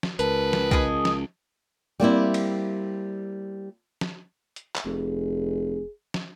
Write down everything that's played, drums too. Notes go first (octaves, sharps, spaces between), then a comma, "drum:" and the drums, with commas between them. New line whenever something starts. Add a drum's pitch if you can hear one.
drum: snare
C#2 A#4 B4 A5, drum: hi-hat
drum: snare
G#4 D#5, drum: kick C2
drum: snare
G3 A#3 C4 E4
drum: cymbal
drum: snare
drum: hi-hat
drum: clap
F1 G#4
drum: snare